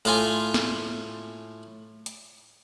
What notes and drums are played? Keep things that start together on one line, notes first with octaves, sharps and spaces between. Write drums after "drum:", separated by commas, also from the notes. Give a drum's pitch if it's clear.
A2 F4 G#5, drum: cymbal
drum: snare
drum: hi-hat